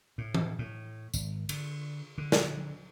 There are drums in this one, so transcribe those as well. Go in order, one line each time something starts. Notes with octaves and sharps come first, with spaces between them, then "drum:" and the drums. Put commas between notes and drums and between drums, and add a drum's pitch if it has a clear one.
A2
drum: tom E3
A2
G#1, drum: tambourine
D3, drum: cymbal
D3
drum: snare